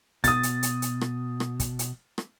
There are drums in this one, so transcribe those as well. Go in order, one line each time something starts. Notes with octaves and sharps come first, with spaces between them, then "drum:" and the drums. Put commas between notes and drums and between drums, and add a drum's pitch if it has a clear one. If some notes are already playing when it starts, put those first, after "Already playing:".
B2 D#6 A6, drum: kick, hi-hat
drum: hi-hat
drum: hi-hat
drum: hi-hat
drum: rim click
drum: rim click
drum: kick, hi-hat
drum: hi-hat
drum: rim click